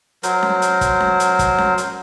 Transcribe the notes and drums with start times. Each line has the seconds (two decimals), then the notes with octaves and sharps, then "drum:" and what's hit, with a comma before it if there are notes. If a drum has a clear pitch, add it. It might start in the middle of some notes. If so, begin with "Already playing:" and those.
0.23 F#3 A#4 C5, drum: hi-hat
0.43 drum: snare C#4
0.62 drum: hi-hat
0.81 drum: kick, hi-hat
1.00 drum: snare C#4
1.20 drum: hi-hat
1.39 drum: kick, hi-hat
1.58 drum: snare C#4
1.78 drum: hi-hat